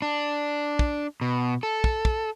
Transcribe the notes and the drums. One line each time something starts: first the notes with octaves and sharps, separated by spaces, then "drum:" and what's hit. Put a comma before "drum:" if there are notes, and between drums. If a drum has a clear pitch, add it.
D4
drum: kick
B2
A4
drum: kick
drum: kick